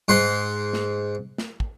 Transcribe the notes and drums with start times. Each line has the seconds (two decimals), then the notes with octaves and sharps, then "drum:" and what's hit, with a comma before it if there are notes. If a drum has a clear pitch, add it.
0.08 G#2 F#5 C6
0.73 drum: snare
1.38 drum: snare
1.60 drum: kick